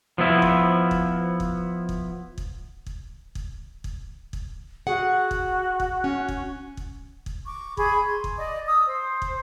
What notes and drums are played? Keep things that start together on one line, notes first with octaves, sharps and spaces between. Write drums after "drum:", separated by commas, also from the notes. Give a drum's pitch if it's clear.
F3 B3 E4
drum: kick
drum: kick
drum: kick
drum: kick
drum: kick
drum: kick
drum: kick
drum: kick
drum: kick
F#4 G#4 F#5
drum: kick
drum: kick
C#4
drum: kick
drum: kick
drum: kick
C#6 D6
G#4 B5 C#6, drum: kick
C6
drum: kick
D5 D#5 D6
D#6 E6
C5
drum: kick